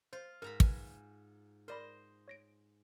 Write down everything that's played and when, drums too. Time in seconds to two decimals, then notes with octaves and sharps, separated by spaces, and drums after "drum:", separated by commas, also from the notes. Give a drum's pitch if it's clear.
0.13 F4 C5
0.42 G#2 A#4 A#5 B5
0.60 B4 G#5, drum: kick
1.68 A#4 C5 D5 D#5 B5
2.28 C#5 A#6 D7